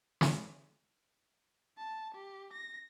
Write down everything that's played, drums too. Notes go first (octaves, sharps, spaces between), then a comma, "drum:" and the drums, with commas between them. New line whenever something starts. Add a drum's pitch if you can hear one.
drum: snare
A5
G4
A#6